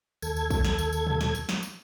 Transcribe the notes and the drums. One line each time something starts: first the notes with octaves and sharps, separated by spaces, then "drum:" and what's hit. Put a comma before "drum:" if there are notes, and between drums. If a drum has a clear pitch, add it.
D#2 A4 G#6, drum: tambourine
drum: tambourine
drum: kick, tambourine
drum: snare
drum: tambourine
drum: tambourine
drum: tom
drum: snare
drum: tambourine
drum: snare
drum: tambourine